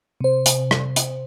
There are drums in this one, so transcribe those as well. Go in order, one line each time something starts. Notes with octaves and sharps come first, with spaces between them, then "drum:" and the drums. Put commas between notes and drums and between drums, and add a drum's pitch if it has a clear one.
C3 C5
drum: hi-hat
drum: rim click
drum: hi-hat